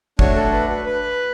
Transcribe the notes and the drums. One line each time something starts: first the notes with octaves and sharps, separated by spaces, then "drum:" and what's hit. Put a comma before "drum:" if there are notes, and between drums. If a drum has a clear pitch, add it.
A3 D4 F#4 C#5, drum: kick
A4
B4
B4
B4